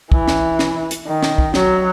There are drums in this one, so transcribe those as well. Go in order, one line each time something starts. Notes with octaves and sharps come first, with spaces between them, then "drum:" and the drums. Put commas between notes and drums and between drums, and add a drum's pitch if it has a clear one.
E3, drum: kick
drum: snare
drum: snare
drum: hi-hat
D#3
drum: snare
drum: kick
F#3, drum: snare